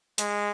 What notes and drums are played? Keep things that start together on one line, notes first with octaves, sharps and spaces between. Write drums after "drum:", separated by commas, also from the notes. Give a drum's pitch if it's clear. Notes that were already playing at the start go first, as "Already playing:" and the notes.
G#3, drum: hi-hat